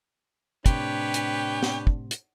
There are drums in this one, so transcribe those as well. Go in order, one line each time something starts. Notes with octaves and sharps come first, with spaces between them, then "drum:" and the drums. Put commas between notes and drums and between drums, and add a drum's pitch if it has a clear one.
A2 C3 D4 G4 B4 C#5 G5, drum: kick, hi-hat
drum: hi-hat
drum: snare
drum: kick
drum: hi-hat